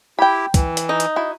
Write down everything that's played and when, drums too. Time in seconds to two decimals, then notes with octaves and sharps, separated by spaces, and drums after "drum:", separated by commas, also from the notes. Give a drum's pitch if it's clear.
0.19 E4 G4 G5 B5
0.54 E3, drum: kick, hi-hat
0.77 drum: hi-hat
0.89 D#4
1.00 drum: hi-hat
1.16 E4 F#4